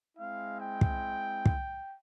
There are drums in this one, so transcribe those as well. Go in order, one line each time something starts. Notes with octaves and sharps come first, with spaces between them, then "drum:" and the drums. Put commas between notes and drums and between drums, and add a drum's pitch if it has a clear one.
G#3 C4 E4 F5
G5
drum: kick
drum: kick